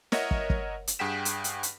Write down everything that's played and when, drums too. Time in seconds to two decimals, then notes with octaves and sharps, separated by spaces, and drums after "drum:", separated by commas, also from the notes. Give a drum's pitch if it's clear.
0.12 A#4 C#5 D#5 E5 F#5, drum: snare
0.31 drum: kick
0.50 drum: kick
0.87 drum: hi-hat
0.99 G2 G#4 F#5 G5 B6 E7
1.25 drum: hi-hat
1.44 drum: hi-hat
1.63 drum: hi-hat